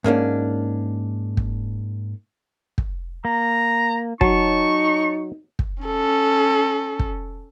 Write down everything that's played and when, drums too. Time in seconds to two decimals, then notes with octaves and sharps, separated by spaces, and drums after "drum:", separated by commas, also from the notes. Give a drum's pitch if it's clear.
0.04 G#2 A#3 C#4 D4
1.37 drum: kick
2.78 drum: kick
3.25 A#3 A#5
4.21 F#3 D#4 C#5 A5 C#6, drum: kick
5.59 drum: kick
5.83 C#4 A4
6.99 drum: kick